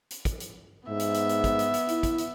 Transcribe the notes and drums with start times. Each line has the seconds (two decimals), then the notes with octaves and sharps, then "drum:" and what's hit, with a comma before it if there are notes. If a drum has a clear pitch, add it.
0.10 drum: hi-hat
0.25 drum: kick, hi-hat
0.40 drum: hi-hat
0.89 G#2 B3 E5
0.99 drum: hi-hat
1.14 drum: hi-hat
1.29 drum: hi-hat
1.44 drum: kick, hi-hat
1.59 drum: hi-hat
1.74 drum: hi-hat
1.88 E4, drum: hi-hat
2.03 drum: kick, hi-hat
2.18 drum: hi-hat